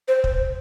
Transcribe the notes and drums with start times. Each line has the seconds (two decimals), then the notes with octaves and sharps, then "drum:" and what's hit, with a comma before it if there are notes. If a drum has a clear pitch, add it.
0.08 C5
0.24 drum: kick